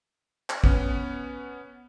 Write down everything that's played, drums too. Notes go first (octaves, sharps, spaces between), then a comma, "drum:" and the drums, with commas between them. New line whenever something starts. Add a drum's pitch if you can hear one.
drum: clap
B3 C#4, drum: kick